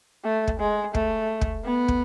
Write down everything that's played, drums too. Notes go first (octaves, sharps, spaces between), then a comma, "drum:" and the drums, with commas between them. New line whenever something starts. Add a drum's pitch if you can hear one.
A3
drum: kick
G#3
A3, drum: kick
drum: kick
B3
drum: kick